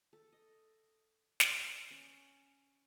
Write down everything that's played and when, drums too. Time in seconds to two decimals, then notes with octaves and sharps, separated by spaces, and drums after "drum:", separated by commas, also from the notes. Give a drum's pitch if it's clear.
0.13 A4
0.32 D#5
1.40 drum: snare
1.91 C#4